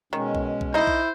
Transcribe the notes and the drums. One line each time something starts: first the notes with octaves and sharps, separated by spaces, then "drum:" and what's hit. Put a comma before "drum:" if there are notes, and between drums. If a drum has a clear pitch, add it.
B2 D#3 G#3 C#4
drum: kick B1
drum: kick B1
D#4 E4 C5 D#5
drum: kick B1